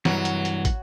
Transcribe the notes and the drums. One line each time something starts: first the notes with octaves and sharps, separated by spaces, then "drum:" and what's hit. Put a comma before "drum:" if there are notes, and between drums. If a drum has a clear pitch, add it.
G2 E3 F#3, drum: snare
drum: hi-hat
drum: hi-hat
drum: kick, hi-hat